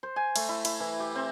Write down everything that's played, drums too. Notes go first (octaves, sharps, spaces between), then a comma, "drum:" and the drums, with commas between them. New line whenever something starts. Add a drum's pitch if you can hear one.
C5
G#5
A3, drum: cymbal
E4
E4, drum: cymbal
E3
G4
C4